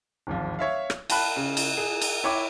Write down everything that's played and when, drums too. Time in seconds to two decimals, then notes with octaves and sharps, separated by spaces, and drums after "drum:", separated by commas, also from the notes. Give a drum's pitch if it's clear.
0.27 D1 G#1 F3
0.59 C#5 E5 F5
0.90 drum: rim click
1.10 F5 G5 A5 B5 F#6, drum: cymbal
1.36 C#3
1.57 drum: cymbal
1.77 G#4
2.01 drum: cymbal
2.24 E4 C#5 G5 D6